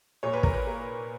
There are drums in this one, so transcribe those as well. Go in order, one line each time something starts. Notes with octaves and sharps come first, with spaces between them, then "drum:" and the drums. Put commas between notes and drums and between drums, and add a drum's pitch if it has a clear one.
A#2 C#5
B4
A#4, drum: kick
B4
A#3